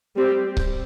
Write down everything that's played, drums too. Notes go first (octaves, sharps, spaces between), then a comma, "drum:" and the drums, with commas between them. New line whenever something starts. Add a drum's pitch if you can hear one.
G3 C4 G4
drum: kick C#1